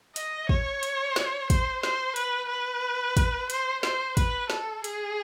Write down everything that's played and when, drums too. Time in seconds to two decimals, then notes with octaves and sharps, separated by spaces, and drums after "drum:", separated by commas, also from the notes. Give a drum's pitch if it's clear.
0.16 D#5, drum: hi-hat
0.49 C#5, drum: kick
0.83 drum: hi-hat
1.16 drum: snare
1.50 C5, drum: kick, hi-hat
1.83 C5, drum: snare
2.16 B4, drum: hi-hat
2.49 B4
3.17 drum: kick, hi-hat
3.50 C5, drum: hi-hat
3.83 C5, drum: snare
4.17 B4, drum: kick, hi-hat
4.50 A4, drum: snare
4.84 G#4, drum: hi-hat